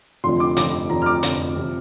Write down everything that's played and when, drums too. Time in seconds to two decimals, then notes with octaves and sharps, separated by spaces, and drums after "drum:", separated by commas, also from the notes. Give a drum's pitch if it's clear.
0.24 F1 F2 D3 F3 C6
0.40 D6
0.57 F1 F2 D3 F3 D6, drum: hi-hat
0.90 F1 F2 D3 F3 A#5
1.02 F6
1.06 D6
1.23 F1 F2 D3 F3, drum: hi-hat
1.57 C3 F3